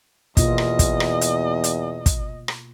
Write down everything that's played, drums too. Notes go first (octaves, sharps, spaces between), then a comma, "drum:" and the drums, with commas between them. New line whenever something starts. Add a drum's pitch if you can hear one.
E2 B2 A#3 F4 D#5, drum: kick, hi-hat
drum: rim click
drum: kick, hi-hat
drum: rim click
drum: hi-hat
drum: hi-hat
drum: kick, hi-hat
drum: rim click